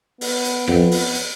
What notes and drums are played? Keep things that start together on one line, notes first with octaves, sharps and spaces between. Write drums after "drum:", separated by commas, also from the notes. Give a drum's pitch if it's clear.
B3, drum: open hi-hat
drum: hi-hat
F2 B3, drum: rim click
drum: open hi-hat
drum: hi-hat